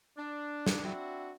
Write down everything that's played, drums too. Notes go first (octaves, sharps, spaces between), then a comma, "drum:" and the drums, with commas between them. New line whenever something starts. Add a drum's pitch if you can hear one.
D4
drum: snare
C4 D4 E4 F#4